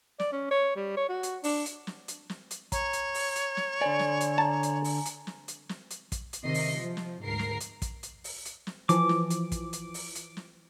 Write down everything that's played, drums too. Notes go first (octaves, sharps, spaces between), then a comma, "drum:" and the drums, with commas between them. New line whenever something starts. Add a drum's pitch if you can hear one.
D5, drum: snare
C#4
C#5
G3
C#5
F#4
drum: hi-hat
D4, drum: open hi-hat
drum: hi-hat
drum: snare
drum: hi-hat
drum: snare
drum: hi-hat
C#5 A#5, drum: kick, hi-hat
drum: hi-hat
drum: open hi-hat
drum: hi-hat
drum: snare
D3 D5 G#5
drum: snare
drum: hi-hat
A5 A#5
drum: hi-hat
drum: open hi-hat
drum: hi-hat
drum: snare
drum: hi-hat
drum: snare
drum: hi-hat
drum: kick, hi-hat
drum: hi-hat
C3 D#3 D#5 C7
drum: open hi-hat
F3
drum: snare
D2 G#2 A#4 C7
drum: snare
drum: hi-hat
drum: kick, hi-hat
drum: hi-hat
drum: open hi-hat
drum: hi-hat
drum: snare
E3 F3 D6, drum: hi-hat
drum: snare
drum: hi-hat
drum: kick, hi-hat
drum: hi-hat
drum: open hi-hat
drum: hi-hat
drum: snare